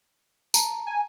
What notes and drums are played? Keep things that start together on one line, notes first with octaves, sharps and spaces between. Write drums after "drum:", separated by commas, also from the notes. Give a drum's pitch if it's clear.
A5 A#5, drum: tambourine
G#5